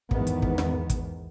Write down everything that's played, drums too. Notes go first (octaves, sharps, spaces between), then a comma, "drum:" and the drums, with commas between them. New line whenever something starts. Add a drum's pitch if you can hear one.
E2 G#2 D#3 B3, drum: kick
drum: hi-hat
drum: kick
drum: snare
drum: kick, hi-hat